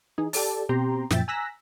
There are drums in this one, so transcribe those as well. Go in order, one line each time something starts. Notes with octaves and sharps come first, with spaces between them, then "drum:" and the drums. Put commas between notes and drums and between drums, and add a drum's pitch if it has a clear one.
E3 D#4 G#4
G4 A4 D5 A5, drum: open hi-hat
B2 C4 G4 G5 A#5 C6
F#2 A#2 F3 E5 G5 A6, drum: snare
G#5 A#5 E6 F#6 A#6 B6